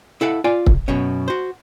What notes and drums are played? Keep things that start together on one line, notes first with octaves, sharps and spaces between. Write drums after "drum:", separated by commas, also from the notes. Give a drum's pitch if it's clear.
E4 A4 F5 F#5
F4 D5 G#5
drum: kick
F#2 B2 C#4
F#4 C5